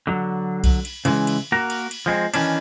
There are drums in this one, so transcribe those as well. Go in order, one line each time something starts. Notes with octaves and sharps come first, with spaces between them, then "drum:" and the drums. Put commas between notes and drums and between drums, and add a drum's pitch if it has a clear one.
D3 F#3
drum: kick B1, cymbal
drum: cymbal
C#3 E3 G#3, drum: cymbal
drum: cymbal
A#3 F#4 A#4
drum: cymbal
drum: cymbal
F3 G#3 B3 C4
D#3 E3 C#4 D4, drum: cymbal